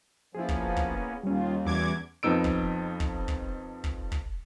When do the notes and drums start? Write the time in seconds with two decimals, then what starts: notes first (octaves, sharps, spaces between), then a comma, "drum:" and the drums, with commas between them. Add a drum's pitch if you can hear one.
0.35 F3 A#3 B3 C#4 E4 G#4
0.49 drum: kick
0.76 drum: kick
1.23 D#2 D#3 G3 C#4 F4
1.65 E2 F#4 D6 G#6
2.23 F2 F3 B3 D#4 E6 D7
2.44 drum: kick
3.00 drum: kick
3.28 drum: kick
3.84 drum: kick
4.12 drum: kick